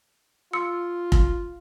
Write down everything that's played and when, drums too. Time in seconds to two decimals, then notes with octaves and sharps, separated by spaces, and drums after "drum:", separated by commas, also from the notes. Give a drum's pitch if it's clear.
0.53 F4 C6 E6 C#7
1.12 drum: kick F1